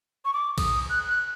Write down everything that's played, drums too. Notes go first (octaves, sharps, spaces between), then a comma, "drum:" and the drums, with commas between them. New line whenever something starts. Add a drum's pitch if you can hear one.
C#6
D6
D#6, drum: kick B1, cymbal
F#6
F#6